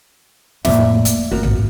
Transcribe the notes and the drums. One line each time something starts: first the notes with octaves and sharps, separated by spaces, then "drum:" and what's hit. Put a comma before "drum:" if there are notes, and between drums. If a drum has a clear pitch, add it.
F2 A2 A#3 D5 E5, drum: snare
A3, drum: hi-hat
G#1 F4 F#4 A#4
drum: tom A1